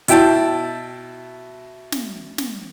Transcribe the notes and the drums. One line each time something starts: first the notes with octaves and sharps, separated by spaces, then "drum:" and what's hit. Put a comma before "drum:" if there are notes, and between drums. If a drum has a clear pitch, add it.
B2 E4 G5 A5, drum: hi-hat
drum: snare
drum: snare